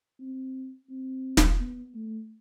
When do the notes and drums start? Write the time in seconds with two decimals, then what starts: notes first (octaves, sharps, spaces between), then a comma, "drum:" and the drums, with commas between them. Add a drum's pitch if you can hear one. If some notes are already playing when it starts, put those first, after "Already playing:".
0.20 C4
0.90 C4
1.37 drum: snare
1.60 B3
1.95 A3